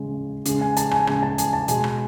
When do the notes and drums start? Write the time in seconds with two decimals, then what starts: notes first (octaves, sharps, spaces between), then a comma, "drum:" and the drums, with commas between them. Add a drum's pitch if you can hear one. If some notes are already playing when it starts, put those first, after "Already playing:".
Already playing: C#3 G#3 G#5
0.46 C#3 G#3, drum: hi-hat
0.61 G#5
0.77 A5, drum: hi-hat
0.91 G#5, drum: rim click
1.07 C#3 G#3 G#5, drum: rim click
1.23 A5
1.38 G#5, drum: hi-hat
1.53 A5
1.68 B2 G#3 G#5, drum: hi-hat
1.84 drum: rim click